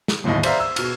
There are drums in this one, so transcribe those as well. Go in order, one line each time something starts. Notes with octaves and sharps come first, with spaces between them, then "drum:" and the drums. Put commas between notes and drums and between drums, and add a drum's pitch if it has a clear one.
drum: snare
D1 G1 D#2 A2 D#5
C5 D5 E5 F5 A#5, drum: cymbal
E6
B2 F6, drum: cymbal